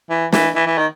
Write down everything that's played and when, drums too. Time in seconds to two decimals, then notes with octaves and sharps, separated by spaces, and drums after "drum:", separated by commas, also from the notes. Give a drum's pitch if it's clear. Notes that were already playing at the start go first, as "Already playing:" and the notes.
0.10 E3
0.32 E3, drum: snare
0.55 E3
0.66 E3
0.78 D#3